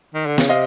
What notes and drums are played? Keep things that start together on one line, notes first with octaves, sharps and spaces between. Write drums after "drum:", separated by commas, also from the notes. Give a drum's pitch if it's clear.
D#3
D3
C#3, drum: snare
C3 D#5 F5